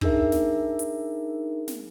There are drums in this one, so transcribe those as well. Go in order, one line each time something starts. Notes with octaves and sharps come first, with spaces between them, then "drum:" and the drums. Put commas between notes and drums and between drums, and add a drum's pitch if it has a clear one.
D4 D#4 G#4 A#4 E5, drum: kick
drum: snare
drum: hi-hat
drum: snare